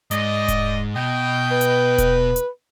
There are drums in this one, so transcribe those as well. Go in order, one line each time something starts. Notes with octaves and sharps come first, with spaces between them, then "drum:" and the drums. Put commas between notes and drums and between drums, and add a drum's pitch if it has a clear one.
G#2 D5 D#5, drum: hi-hat
drum: kick D#1, hi-hat
B2 D#5 G5
B4
drum: hi-hat
drum: kick D#1, hi-hat
drum: hi-hat